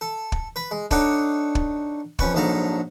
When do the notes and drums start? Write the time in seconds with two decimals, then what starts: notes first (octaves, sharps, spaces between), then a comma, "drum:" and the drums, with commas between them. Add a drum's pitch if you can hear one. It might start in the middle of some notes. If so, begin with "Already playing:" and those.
0.01 A4
0.32 drum: kick
0.56 B4 B5
0.71 G#3
0.91 D4 D#4 A4 C#5 F#5 D6, drum: kick
1.55 drum: kick
2.19 F2 C#4 B4 C#6, drum: kick
2.34 A#1 G#2 F#3 A4 F5 A#5